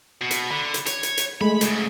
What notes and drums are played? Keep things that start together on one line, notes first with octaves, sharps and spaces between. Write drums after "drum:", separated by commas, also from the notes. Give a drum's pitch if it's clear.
B2
drum: hi-hat
D3 B5
drum: hi-hat
C#5, drum: hi-hat
drum: hi-hat
drum: hi-hat
G#3 A3 B5
F#2 C#3, drum: hi-hat